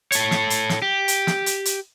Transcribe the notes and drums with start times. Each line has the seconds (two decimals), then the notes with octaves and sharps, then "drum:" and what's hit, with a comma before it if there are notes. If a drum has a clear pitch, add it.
0.12 A4 C#5, drum: hi-hat
0.31 drum: snare
0.50 drum: hi-hat
0.69 drum: snare
0.82 G4
1.08 drum: hi-hat
1.27 drum: snare
1.46 drum: hi-hat
1.65 drum: hi-hat